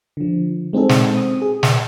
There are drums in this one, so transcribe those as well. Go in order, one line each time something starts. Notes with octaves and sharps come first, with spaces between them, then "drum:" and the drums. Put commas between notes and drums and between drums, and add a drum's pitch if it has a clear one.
D3 F3
G#3 C4 D#4 G#4 A4
drum: snare
C4 D#6
G#4
drum: snare